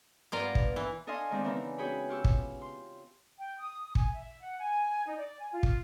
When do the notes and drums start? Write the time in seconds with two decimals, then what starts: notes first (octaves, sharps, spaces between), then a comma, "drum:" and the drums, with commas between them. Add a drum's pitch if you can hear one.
0.32 G2 A#3 B3 F4 A#4 D5
0.55 drum: kick
0.76 E3
1.07 D4 A4 D#5 F5 G#5 C6
1.30 D#3 G#3 C4 D4
1.44 C#3 E3 B3 D4 D#4 A#4
1.78 C#4 F#4 G#4 C#5 G5 B5
2.09 F4 G4 C#6 E6
2.24 drum: kick
2.62 C6
3.39 G5
3.59 D#6
3.95 G#5, drum: kick
4.14 E5
4.41 F#5
4.59 G#5
5.07 D#4
5.18 D5
5.39 G#5
5.52 F4
5.63 drum: kick